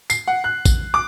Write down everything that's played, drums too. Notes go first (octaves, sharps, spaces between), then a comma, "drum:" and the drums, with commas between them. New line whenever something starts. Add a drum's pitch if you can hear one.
C7, drum: tambourine
F#5
F#6
drum: kick, tambourine
D6